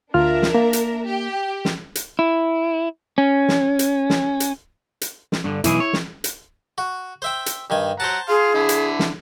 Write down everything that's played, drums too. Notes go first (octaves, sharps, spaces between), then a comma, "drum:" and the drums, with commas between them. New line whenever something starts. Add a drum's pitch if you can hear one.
D2 D4 F4 A#4 E5 F6
drum: snare
A#3
drum: hi-hat
G4
drum: snare
drum: hi-hat
E4
C#4
drum: snare
drum: hi-hat
drum: snare
drum: hi-hat
drum: hi-hat
drum: snare
G2 D3
B1 E3 E4 G#4, drum: hi-hat
C#5
drum: snare
drum: hi-hat
F#4
C5 E5 G5
drum: hi-hat
G2 D#3 G#5
C5 F#5 A5 A#5
G#4 F5 C6
D3 E4
drum: hi-hat
drum: snare